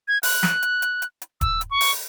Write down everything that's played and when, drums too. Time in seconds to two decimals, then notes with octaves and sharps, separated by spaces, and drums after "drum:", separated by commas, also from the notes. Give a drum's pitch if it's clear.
0.08 G#6
0.23 F#6, drum: open hi-hat
0.43 drum: snare
0.62 drum: hi-hat
0.82 drum: hi-hat
1.02 drum: hi-hat
1.22 drum: hi-hat
1.41 E6, drum: kick D#1, hi-hat
1.61 drum: hi-hat
1.71 C#6
1.81 drum: open hi-hat